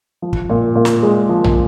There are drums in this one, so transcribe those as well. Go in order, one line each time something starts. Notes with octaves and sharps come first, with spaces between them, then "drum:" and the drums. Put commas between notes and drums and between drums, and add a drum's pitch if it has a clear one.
F3
drum: kick
A#2
A#2
drum: snare
G#3
F3
drum: tom A#1